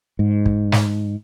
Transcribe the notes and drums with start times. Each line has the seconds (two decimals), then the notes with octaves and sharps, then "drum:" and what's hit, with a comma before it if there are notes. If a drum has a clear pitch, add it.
0.19 G#2
0.46 drum: kick
0.72 drum: snare